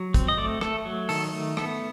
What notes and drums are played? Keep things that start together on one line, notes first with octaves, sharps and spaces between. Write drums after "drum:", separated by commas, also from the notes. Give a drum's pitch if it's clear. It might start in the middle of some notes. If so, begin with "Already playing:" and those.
Already playing: F#3
C4, drum: kick, hi-hat
D#5
A3 D5
A3 A4, drum: rim click
F#3
D#3 A4, drum: open hi-hat
A3
B3 A4, drum: rim click